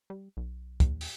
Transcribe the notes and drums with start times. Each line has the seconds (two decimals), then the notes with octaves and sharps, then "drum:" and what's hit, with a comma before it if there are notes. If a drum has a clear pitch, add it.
0.10 G3
0.37 B1
0.80 D#2, drum: kick, hi-hat
1.01 drum: open hi-hat